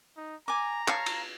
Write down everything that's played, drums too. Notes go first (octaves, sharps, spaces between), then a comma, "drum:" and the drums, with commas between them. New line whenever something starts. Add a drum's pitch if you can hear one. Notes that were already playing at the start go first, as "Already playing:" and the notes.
D#4
G#5 A#5 D6
C#5 F5 A5, drum: clap
drum: cymbal